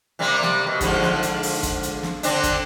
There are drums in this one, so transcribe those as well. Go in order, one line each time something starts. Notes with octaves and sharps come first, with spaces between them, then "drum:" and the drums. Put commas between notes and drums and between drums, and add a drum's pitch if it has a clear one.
C3 G3 A#3
drum: snare
B2
G#2 D3 F3, drum: kick, hi-hat
drum: snare
drum: hi-hat
drum: open hi-hat
drum: kick, hi-hat
drum: hi-hat
drum: snare
D3 C4 D4, drum: hi-hat
drum: kick, hi-hat